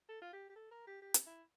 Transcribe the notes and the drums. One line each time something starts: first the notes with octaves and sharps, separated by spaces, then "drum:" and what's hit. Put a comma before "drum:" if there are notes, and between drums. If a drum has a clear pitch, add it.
A4
F4
G4
G4
A4
A#4
G4
G4
drum: hi-hat
E4